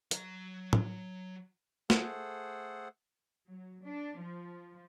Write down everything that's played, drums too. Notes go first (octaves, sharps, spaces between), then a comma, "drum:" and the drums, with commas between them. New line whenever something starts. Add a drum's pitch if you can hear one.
F#3 A#5, drum: hi-hat
drum: tom A2
A3 G#4 A4 C5 F#5, drum: snare
F#3
D4
F3